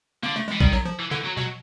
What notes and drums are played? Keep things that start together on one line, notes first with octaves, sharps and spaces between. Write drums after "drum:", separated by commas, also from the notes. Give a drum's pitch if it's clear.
D3 A#3
A3
E3 G#3
D#3 G3, drum: kick A#1
F#3
F3
E3
D3 E3
F#3
B2 F#3